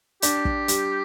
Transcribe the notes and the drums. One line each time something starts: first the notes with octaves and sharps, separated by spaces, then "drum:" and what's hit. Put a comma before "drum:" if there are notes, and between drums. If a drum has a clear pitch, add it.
D4 G4, drum: hi-hat
drum: kick
G3, drum: hi-hat